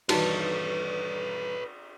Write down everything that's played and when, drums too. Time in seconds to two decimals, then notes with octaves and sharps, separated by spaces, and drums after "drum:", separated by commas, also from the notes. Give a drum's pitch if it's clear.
0.09 G2 D#3 E3 D#4 F#4 B4 C#5, drum: cymbal